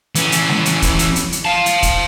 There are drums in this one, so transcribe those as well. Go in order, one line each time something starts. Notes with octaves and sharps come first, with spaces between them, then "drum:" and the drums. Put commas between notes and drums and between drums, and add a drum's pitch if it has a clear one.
E3 C#4, drum: hi-hat
drum: hi-hat
drum: snare
drum: hi-hat
drum: kick, hi-hat
drum: hi-hat
drum: hi-hat
drum: hi-hat
F5 A5
drum: hi-hat
drum: kick, hi-hat